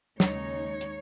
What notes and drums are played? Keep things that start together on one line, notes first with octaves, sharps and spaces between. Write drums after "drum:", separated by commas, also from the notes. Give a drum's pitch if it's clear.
D#2 C#3 G#3 D#4 C#5, drum: snare
drum: hi-hat